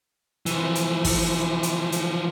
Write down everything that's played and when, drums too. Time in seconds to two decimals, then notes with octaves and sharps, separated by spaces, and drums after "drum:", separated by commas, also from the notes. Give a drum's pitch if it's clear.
0.46 E3 F3, drum: hi-hat
0.75 drum: hi-hat
1.05 drum: kick, open hi-hat
1.63 drum: hi-hat
1.92 drum: hi-hat